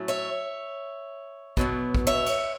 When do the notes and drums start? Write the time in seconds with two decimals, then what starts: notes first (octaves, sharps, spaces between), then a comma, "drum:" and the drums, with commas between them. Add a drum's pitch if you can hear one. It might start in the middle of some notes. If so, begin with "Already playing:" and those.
Already playing: A2 F#3 A3 C#4
0.08 C#5 E5
1.57 B2 F#3 B3, drum: kick
1.95 drum: kick
2.07 C#5 E5
2.26 drum: cymbal